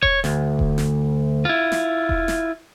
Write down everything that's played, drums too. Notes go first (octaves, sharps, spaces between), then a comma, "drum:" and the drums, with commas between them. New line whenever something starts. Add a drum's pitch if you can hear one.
C#5, drum: kick E1
D2, drum: snare
drum: kick E1
drum: snare
E4 F4
drum: snare
drum: kick E1
drum: snare